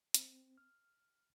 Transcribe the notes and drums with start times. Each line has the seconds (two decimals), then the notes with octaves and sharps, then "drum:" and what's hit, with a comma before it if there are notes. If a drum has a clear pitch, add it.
0.14 C4, drum: hi-hat
0.58 F6